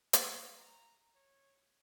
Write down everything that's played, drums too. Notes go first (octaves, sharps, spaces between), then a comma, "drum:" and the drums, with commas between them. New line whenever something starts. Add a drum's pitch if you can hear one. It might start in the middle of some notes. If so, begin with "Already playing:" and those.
E5, drum: hi-hat
A#5
C#5